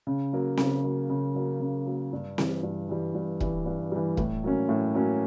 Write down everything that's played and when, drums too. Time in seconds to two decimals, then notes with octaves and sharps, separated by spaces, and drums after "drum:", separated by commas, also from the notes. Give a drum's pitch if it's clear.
0.07 C#3
0.33 F#3 A#3
0.57 C#3, drum: snare C4
0.84 F#3 A#3
1.10 C#3
1.35 F#3 A#3
1.60 C#3
1.86 F#3 A#3
2.13 G2
2.38 E3 G3, drum: snare C4
2.63 G2
2.89 E3 G3
3.15 G2
3.40 E3 G3, drum: kick
3.66 G2
3.92 E3 G3
4.17 A2, drum: kick
4.44 F#3 A#3 C#4
4.69 A2
4.94 F#3 A#3 C#4